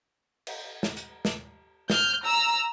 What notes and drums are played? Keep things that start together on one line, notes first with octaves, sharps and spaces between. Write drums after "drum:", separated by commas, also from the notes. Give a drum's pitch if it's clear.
drum: cymbal
drum: snare
drum: hi-hat
drum: snare
F6 G6, drum: snare
A#5 E6